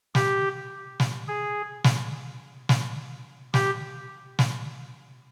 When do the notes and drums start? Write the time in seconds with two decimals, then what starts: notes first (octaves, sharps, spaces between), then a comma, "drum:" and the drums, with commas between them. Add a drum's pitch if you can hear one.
0.15 G4, drum: snare
1.00 drum: snare
1.28 G#4
1.84 drum: snare
2.69 drum: snare
3.54 G4, drum: snare
4.39 drum: snare